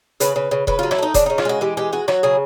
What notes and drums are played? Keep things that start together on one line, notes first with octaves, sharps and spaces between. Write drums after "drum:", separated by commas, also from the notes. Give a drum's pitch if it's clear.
C#3 B4, drum: hi-hat
C#3
C#3
C#3 B4, drum: kick E1
F#3 F4
E4, drum: rim click
A3 D#4
C#3 D4, drum: kick E1, hi-hat
C#3 D#4
F4, drum: rim click
G#3 F#4
E3 G4
G#3 G4
G#3 F#4
F#3 F#4, drum: rim click
C#3 G#4